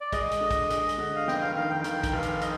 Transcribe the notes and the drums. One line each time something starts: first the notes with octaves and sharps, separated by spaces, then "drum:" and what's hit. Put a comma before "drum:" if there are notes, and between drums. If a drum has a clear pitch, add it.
D5
G#3 D#5, drum: kick, hi-hat
drum: hi-hat
D3
drum: kick, hi-hat
G#3, drum: hi-hat
drum: hi-hat
D3
F5
F1 G5, drum: snare
F5
D#3 F5
G5
D#3 G5, drum: hi-hat
drum: kick, hi-hat
F1 F5
drum: hi-hat
D#5, drum: hi-hat